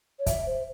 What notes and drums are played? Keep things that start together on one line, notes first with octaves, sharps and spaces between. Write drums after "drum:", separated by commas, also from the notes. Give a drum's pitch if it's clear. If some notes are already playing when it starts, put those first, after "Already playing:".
C#5
E5, drum: kick, hi-hat
C5